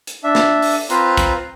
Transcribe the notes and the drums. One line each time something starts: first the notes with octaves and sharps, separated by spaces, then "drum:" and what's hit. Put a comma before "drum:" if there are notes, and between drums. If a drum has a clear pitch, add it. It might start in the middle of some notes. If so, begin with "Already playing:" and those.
drum: hi-hat
D4 E5
drum: snare
drum: open hi-hat
C4 F4 B4 C5 A#5 C6, drum: hi-hat
drum: kick, hi-hat